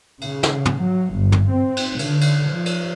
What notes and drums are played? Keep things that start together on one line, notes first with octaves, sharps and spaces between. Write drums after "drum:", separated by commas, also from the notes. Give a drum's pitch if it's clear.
C#3, drum: cymbal
drum: snare
drum: tom
F#3
G1
drum: tom
C4
drum: cymbal
D3, drum: cymbal
drum: cymbal
F3
drum: cymbal